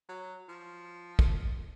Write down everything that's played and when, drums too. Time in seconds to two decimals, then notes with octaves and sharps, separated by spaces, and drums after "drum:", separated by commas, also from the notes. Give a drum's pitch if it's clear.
0.09 F#3
0.49 F3
1.19 drum: kick